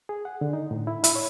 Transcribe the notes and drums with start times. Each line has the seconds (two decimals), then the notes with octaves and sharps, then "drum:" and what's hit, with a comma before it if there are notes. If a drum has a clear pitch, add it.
0.09 G#4
0.25 F#5
0.41 D3
0.53 D#4
0.71 A2
0.87 E4
1.04 E4, drum: hi-hat
1.15 C#5